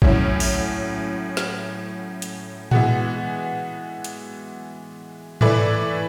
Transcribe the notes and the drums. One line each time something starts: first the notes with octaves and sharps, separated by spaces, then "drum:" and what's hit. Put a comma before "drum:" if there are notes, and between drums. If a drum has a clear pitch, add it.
A2 F#3 C#4 E4, drum: kick
drum: open hi-hat
drum: snare
drum: hi-hat
E3 G#3 B3 F#4, drum: tom A2
drum: hi-hat
E3 A3 E4 B4 D5, drum: tom G#2